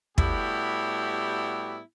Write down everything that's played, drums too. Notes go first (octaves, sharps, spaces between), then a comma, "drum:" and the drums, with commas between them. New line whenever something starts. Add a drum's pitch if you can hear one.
A2 G3 B3 E4 F#4 G4, drum: kick